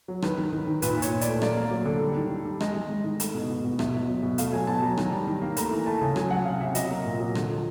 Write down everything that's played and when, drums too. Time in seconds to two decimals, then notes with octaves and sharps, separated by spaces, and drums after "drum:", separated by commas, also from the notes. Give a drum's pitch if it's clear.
0.08 F#3
0.22 D#3 B4, drum: rim click
0.38 D#3
0.52 D#3
0.67 D#3
0.82 A#2 B4, drum: hi-hat
0.97 A#2
1.02 C#5, drum: hi-hat
1.12 A#2
1.21 D5, drum: hi-hat
1.27 A3
1.42 A#3 D5, drum: rim click
1.57 A#3
1.71 F#3
1.86 D3
2.02 G3
2.16 D#3
2.30 D#3
2.45 G3
2.60 G#3 D#5, drum: rim click
2.75 G#3
2.90 G#3
3.04 D#3
3.20 A3, drum: hi-hat
3.34 B2
3.49 B2
3.64 B2
3.79 B2 E5, drum: rim click
3.94 B2
4.08 F#3
4.23 B2
4.38 A3 F5, drum: hi-hat
4.53 F#3 G#5
4.67 B2 A5
4.82 F#3 A#5
4.97 D#3, drum: rim click
5.12 G3
5.27 D#3
5.42 A#3
5.57 A3 A#5, drum: hi-hat
5.71 E3
5.86 A3 A5
6.01 C#3
6.16 F#3 G#5, drum: rim click
6.31 F#3 F#5
6.45 C3 F5
6.61 C3 E5
6.75 F#3 D#5, drum: hi-hat
6.91 A#3
7.05 A#2
7.20 F#3
7.35 D3, drum: rim click
7.49 F3